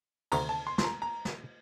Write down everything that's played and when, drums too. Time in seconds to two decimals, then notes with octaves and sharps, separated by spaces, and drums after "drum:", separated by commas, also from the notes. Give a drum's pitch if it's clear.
0.32 D2 C3 D#3 A#5, drum: cymbal
0.49 A5
0.67 C6
0.78 C6, drum: snare
0.84 A#5
1.02 A#5
1.25 drum: snare